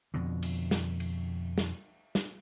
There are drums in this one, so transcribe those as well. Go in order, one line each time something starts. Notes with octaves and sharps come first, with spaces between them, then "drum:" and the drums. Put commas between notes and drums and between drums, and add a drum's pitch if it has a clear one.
F2 B2 D3
drum: cymbal
drum: snare
drum: cymbal
drum: snare
drum: snare